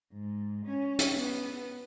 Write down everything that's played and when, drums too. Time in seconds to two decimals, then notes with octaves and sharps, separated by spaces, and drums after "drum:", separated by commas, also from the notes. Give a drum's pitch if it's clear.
0.13 G#2
0.66 C#4
0.99 drum: hi-hat
1.14 B3